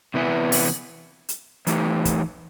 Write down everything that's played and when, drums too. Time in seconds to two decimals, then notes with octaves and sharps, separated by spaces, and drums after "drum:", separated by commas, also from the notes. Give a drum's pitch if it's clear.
0.14 C3 E3 B3 E4
0.52 drum: open hi-hat
1.29 drum: hi-hat
1.67 E3 A3 D#4 G4, drum: hi-hat
2.05 drum: kick, hi-hat